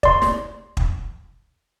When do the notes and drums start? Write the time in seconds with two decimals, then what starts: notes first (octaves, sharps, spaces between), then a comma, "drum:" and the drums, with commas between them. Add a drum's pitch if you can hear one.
0.03 D5 C6, drum: kick
0.22 drum: snare
0.77 drum: kick